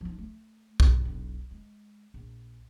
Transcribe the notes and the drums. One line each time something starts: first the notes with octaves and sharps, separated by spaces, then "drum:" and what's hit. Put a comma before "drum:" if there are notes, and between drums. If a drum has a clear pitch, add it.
F3 D#4
A3
drum: kick B1
B1
E1 B1
G#3
A#1